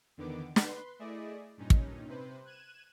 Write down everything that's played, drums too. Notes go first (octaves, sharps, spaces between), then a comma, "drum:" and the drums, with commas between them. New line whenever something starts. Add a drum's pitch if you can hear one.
E2 D3 D#3 B3 D6
B4 C6, drum: snare
A3 E4 G#4 D5 D#5
G2 A#2 C#4 D#4
drum: kick
C3 B4 C5
F#6 G#6 D#7 E7